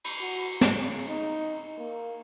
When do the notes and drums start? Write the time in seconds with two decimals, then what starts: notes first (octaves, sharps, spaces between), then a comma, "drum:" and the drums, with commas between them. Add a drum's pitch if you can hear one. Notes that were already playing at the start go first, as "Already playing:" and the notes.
0.04 drum: cymbal
0.21 F#4
0.61 C#3, drum: snare
1.08 D#4
1.78 A#3